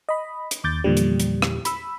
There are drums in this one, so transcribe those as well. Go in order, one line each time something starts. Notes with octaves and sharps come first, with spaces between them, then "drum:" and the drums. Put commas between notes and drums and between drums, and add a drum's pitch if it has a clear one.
D#5 B5
drum: hi-hat
D#2 D6 G6 A6
E2 A#2 D3 F3 G3
drum: hi-hat
drum: hi-hat
drum: rim click
B5 E6, drum: hi-hat